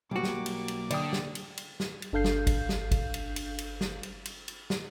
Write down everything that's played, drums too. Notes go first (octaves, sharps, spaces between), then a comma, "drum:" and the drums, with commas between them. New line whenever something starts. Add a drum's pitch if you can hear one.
B1 G3 A#3 F#4 D6
drum: snare
drum: cymbal
drum: cymbal
D3 D5 G5 D#6, drum: cymbal
drum: snare
drum: cymbal
drum: cymbal
drum: snare
drum: cymbal
G1 D4 A4 F5 G6 C7
drum: snare
drum: kick, cymbal
drum: snare
drum: kick, cymbal
drum: cymbal
drum: cymbal
drum: cymbal
drum: snare
drum: cymbal
drum: cymbal
drum: cymbal
drum: snare